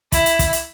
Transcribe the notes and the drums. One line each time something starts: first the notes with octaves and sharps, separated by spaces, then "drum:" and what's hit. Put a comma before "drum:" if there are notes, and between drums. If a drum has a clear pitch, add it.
E4, drum: kick, hi-hat
drum: hi-hat
drum: kick, hi-hat
drum: hi-hat